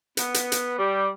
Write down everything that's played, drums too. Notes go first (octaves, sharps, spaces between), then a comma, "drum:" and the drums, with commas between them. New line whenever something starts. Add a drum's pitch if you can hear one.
B3, drum: hi-hat
drum: hi-hat
drum: hi-hat
G3